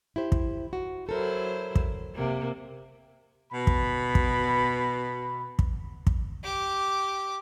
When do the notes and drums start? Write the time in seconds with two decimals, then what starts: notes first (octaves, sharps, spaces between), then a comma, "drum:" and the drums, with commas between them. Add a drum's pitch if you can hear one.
0.16 E4 G4 C5
0.32 drum: kick
0.73 F#4
1.09 F#3 E4 A4 A#4 C5
1.75 drum: kick
2.15 C3 A#3
3.51 B2 B5
3.67 drum: kick
4.15 drum: kick
5.59 drum: kick
6.07 drum: kick
6.44 G4 D6